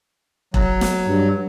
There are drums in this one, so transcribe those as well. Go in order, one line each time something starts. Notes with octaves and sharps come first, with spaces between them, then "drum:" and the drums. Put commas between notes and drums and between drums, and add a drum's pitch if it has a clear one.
F#3, drum: kick E1
drum: snare
G2